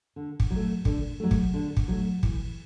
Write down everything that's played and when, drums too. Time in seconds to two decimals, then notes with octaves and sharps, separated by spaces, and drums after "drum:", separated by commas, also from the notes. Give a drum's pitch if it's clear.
0.16 D3
0.40 drum: kick
0.50 F#3
0.56 A3
0.85 D3, drum: kick
1.20 F#3 A3
1.31 drum: kick
1.54 D3
1.77 drum: kick
1.88 F#3 A3
2.23 E3, drum: kick